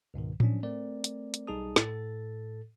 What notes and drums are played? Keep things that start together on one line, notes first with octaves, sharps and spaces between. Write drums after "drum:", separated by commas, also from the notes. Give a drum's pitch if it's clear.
C#2 G#2 B2 D#3
F3 F#3 C#4 D4, drum: tom A2
A3 C4 A#4 D5
drum: hi-hat
drum: hi-hat
B1 G3 D#4 G#4 A5 D#6
A2 A4 A6, drum: snare